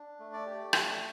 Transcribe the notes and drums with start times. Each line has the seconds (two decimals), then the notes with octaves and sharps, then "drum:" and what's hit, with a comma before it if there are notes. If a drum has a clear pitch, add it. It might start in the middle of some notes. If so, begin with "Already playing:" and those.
Already playing: D4
0.19 A3
0.33 D5
0.46 G4
0.73 A3, drum: rim click